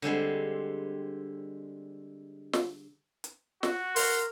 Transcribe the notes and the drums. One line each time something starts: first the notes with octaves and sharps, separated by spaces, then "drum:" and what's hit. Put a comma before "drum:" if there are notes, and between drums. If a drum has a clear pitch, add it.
D3 G3 G#3 C4
drum: snare
drum: hi-hat
F#4, drum: snare
A#4 C6, drum: open hi-hat